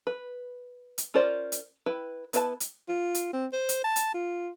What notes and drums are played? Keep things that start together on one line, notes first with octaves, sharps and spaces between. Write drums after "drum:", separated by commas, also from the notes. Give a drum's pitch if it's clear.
B4
drum: hi-hat
C#4 F4 A#4 C5 D5
drum: hi-hat
E4 B4 G5
B3 E4 B4 F5 A5, drum: hi-hat
drum: hi-hat
F4
drum: hi-hat
C4
C5
drum: hi-hat
A5
drum: hi-hat
F4